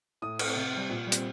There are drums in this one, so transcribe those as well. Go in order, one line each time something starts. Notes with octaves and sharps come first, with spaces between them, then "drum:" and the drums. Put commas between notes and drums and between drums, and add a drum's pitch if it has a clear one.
A2 D#6
A3 C4, drum: cymbal
C3
G3 C4
A#2
G3
C4, drum: hi-hat